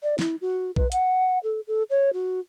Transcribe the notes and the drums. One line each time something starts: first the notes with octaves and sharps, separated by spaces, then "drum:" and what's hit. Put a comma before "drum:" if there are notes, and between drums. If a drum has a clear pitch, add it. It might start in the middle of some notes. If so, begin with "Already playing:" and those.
D5
E4, drum: snare
F#4
B4, drum: kick A#1
F#5, drum: hi-hat
A4
A4
C#5
F#4